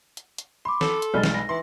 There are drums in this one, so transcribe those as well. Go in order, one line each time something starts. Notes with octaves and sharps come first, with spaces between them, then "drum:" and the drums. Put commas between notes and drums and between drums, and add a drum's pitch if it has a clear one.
drum: hi-hat
drum: hi-hat
B5 C6 D6
A4, drum: snare
drum: hi-hat
B1 G3 G#3 F6 A6
drum: snare
A#6
E3 C6